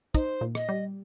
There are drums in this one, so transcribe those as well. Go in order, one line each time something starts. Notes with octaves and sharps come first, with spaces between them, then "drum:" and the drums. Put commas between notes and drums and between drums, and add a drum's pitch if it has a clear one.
D#4 C5, drum: kick, hi-hat
A#2
D#5, drum: rim click
G3